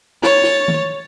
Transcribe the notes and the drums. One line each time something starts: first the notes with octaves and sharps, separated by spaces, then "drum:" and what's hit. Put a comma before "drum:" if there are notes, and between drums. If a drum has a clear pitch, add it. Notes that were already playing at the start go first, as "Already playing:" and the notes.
C#5 A6, drum: snare
drum: snare
drum: tom D#3